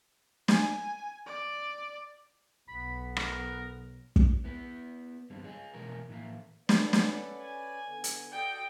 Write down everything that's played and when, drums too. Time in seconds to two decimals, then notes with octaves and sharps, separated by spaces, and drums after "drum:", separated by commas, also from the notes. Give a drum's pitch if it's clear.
0.48 G#5, drum: snare
1.26 D5
2.68 B1 B3 B5
3.16 A#4, drum: rim click
4.16 drum: kick
4.44 B3 E4 B4
5.30 G2 D3 G3 C4
5.44 G#4 C#5 D#5 G#5
5.74 B2 E3 G#3 C#4 G#4 A#4
6.09 A2 E3 A#3 E4 E5 F5
6.69 C#4 A4 B4 D5 F#5, drum: snare
6.93 drum: snare
7.42 G#5
7.87 D3 B3
8.04 drum: hi-hat
8.32 F#4 A4 D5 D#5 G5